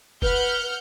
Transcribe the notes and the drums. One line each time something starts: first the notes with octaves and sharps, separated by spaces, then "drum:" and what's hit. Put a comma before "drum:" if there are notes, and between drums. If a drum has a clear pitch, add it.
B4 F#5 F6 G6, drum: kick